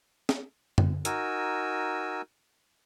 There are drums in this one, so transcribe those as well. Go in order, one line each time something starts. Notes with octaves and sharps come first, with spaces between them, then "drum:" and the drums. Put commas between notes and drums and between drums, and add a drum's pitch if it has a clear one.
drum: snare
drum: tom
D#4 F#4 A#4 G#5 E6, drum: hi-hat